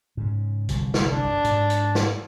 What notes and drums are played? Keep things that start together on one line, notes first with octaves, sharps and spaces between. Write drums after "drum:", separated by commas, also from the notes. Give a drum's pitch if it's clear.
G#2 C#3
G1 C2, drum: hi-hat
drum: snare
D4
G#2, drum: hi-hat
drum: hi-hat
drum: snare